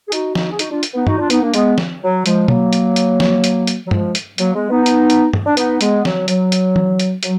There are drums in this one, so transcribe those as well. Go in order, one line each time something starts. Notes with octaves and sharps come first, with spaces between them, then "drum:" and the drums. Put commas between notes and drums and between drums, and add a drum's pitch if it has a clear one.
G#4
D#4 F#4, drum: hi-hat
D#4 F#4, drum: snare
G#4
D#4 F#4, drum: hi-hat
D4 F4
drum: hi-hat
B3 D#4
D#4 F#4, drum: tom G2
D4 F4
B3 D#4, drum: hi-hat
A#3 D4
G#3 B3, drum: hi-hat
drum: snare
F#3
F3 G#3, drum: hi-hat
F#3 A#3, drum: tom
drum: hi-hat
drum: hi-hat
drum: snare
drum: hi-hat
drum: hi-hat
F#3
F3 G#3, drum: tom G2
drum: hi-hat
F#3 A#3, drum: hi-hat
G#3 B3
B3 D#4
drum: hi-hat
drum: hi-hat
drum: tom G2
D4
B3 D#4, drum: hi-hat
G#3 B3, drum: hi-hat
F#3, drum: snare
F#3, drum: hi-hat
drum: hi-hat
drum: tom
drum: hi-hat
F#3, drum: hi-hat